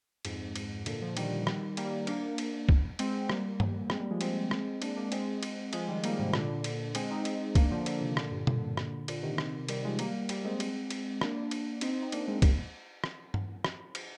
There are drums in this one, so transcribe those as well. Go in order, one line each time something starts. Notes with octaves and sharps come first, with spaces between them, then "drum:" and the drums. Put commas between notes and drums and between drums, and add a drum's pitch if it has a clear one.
F2 G#2, drum: cymbal
drum: cymbal
A#2 D3, drum: cymbal
D3 F3
D#3 G3, drum: cymbal
drum: rim click
G3 A#3, drum: cymbal
A#3 D4, drum: cymbal
drum: cymbal
drum: kick
G#3 C4, drum: cymbal
G3 A#3, drum: rim click
drum: tom G2
G#3 C4, drum: rim click
G3 A#3
F3 G#3
G#3 C4, drum: cymbal
drum: rim click
A#3 D4, drum: cymbal
A#3 D4
G#3 C4, drum: cymbal
drum: cymbal
F3 G#3, drum: cymbal
D#3 G3
G3 A#3, drum: cymbal
G#2 C3
A#2 D3, drum: rim click
drum: cymbal
G#3 C4, drum: cymbal
C4 D#4
drum: cymbal
A#3 D4, drum: kick, cymbal
D3 F3
D3 F3, drum: cymbal
C3 D#3
A#2 D3, drum: rim click
G2
A#2 D3, drum: tom B2
drum: rim click
A#2 D3, drum: cymbal
C3 D#3
drum: rim click
D#3 G3, drum: cymbal
F3 G#3
G3 A#3, drum: cymbal
G3 A#3, drum: cymbal
G#3 C4
drum: cymbal
drum: cymbal
A#3 D4, drum: rim click
drum: cymbal
C4 D#4, drum: cymbal
D#4
A#3 D4, drum: cymbal
G#3 C4
G3 A#3, drum: kick, cymbal
drum: rim click
drum: tom G2
drum: rim click
drum: cymbal